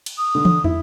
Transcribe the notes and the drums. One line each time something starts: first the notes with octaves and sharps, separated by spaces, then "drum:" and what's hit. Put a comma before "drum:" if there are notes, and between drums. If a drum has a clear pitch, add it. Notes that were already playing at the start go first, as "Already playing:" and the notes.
drum: cymbal
D#6
D3
drum: tom
E4, drum: tom